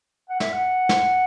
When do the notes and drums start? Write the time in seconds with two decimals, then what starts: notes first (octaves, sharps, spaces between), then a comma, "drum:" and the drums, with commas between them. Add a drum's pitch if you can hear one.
0.29 F#5
0.40 E5, drum: snare
0.53 F#5
0.89 drum: snare